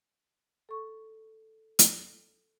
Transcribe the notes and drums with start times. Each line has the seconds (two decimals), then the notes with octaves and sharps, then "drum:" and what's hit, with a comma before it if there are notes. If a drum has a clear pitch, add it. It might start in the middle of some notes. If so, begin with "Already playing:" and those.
0.69 A4 C#6
1.79 drum: hi-hat